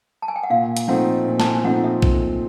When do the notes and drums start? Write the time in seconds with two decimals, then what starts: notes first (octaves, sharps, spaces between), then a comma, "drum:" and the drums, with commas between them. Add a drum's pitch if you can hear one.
0.22 A5
0.28 G#5
0.36 G5
0.43 F#5
0.50 A#2 F5
0.77 drum: hi-hat
0.88 F3 A3 C4 D#4 F#5
1.26 A#2
1.40 A5, drum: snare
1.45 G#5
1.64 F3 A3 C4 D#4 F#5
1.84 E5
2.02 A#2, drum: kick A#1